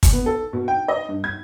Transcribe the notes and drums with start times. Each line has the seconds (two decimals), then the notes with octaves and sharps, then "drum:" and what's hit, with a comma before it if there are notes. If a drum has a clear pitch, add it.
0.03 drum: kick, hi-hat
0.12 B3
0.26 A4
0.53 B2
0.68 G5
0.88 D#5
1.09 G2
1.24 G#6